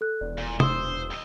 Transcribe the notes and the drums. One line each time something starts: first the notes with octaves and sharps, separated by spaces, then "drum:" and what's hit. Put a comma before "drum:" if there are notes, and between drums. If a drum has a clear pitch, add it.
A4 F#6
E1 D5
A#2
C5 D#6 E6, drum: tom C3
D#2 D#5